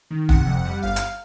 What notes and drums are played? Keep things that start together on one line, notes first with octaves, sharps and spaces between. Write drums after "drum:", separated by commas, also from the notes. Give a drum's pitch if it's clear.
D#3
C3 F#5, drum: kick E1
F2
G3
G1 F5
drum: hi-hat